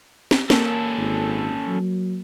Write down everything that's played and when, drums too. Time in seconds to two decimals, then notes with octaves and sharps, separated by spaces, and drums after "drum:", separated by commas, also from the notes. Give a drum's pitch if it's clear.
0.31 drum: snare
0.50 A#3 C#4 A4, drum: snare
0.98 G#1
1.67 F#3